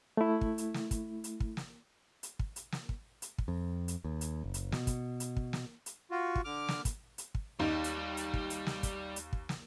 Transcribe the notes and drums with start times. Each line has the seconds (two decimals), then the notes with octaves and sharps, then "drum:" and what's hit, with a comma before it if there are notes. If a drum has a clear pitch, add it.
0.17 A3 E4
0.41 drum: kick
0.58 drum: hi-hat
0.74 drum: snare
0.91 drum: kick, hi-hat
1.24 drum: hi-hat
1.40 drum: kick
1.57 drum: snare
2.23 drum: hi-hat
2.39 drum: kick
2.56 drum: hi-hat
2.72 drum: snare
2.89 drum: kick
3.22 drum: hi-hat
3.38 drum: kick
3.48 F2
3.88 drum: hi-hat
4.04 D#2
4.21 drum: hi-hat
4.44 F#1
4.54 drum: hi-hat
4.72 B2, drum: snare
4.87 drum: kick, hi-hat
5.20 drum: hi-hat
5.37 drum: kick
5.53 drum: snare
5.86 drum: hi-hat
6.11 F4 F#4
6.36 drum: kick
6.45 D3 D6 F6
6.69 drum: snare
6.85 drum: kick, hi-hat
7.18 drum: hi-hat
7.35 drum: kick
7.60 D#2 G3 D#4
7.84 drum: hi-hat
8.17 drum: hi-hat
8.34 drum: kick
8.50 drum: hi-hat
8.67 drum: snare
8.83 drum: kick, hi-hat
9.16 drum: hi-hat
9.33 drum: kick
9.49 drum: snare